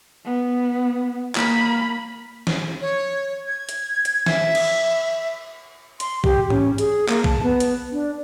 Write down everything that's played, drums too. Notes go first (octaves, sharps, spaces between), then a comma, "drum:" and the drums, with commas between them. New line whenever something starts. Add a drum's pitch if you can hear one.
B3
A#3 B5, drum: clap
drum: snare
C#5
G#6
drum: hi-hat
drum: hi-hat
E5, drum: snare
drum: cymbal
C6, drum: hi-hat
G4, drum: kick
C#4, drum: tom G#2
G#4, drum: hi-hat
A#3, drum: clap
A5, drum: kick
B3
drum: hi-hat
D4